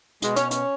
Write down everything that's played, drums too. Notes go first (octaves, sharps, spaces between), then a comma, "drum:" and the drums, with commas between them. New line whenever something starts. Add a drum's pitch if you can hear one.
B2 G#3, drum: hi-hat
C#4, drum: hi-hat
C#4, drum: hi-hat